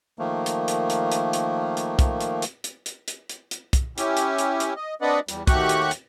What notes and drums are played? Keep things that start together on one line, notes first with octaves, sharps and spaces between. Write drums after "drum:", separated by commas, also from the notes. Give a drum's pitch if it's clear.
D#3 F3 A3 A#3
drum: hi-hat
drum: hi-hat
drum: hi-hat
drum: hi-hat
drum: hi-hat
drum: hi-hat
drum: kick, hi-hat
drum: hi-hat
drum: hi-hat
drum: hi-hat
drum: hi-hat
drum: hi-hat
drum: hi-hat
drum: hi-hat
drum: kick, hi-hat
C#4 E4 G4, drum: hi-hat
drum: hi-hat
drum: hi-hat
drum: hi-hat
D#5
C4 D4 B4 D5 D#5 F#5
E2 G3, drum: hi-hat
D#2 A3 F#4 G4 C#6 F#6, drum: kick, hi-hat
drum: hi-hat
drum: hi-hat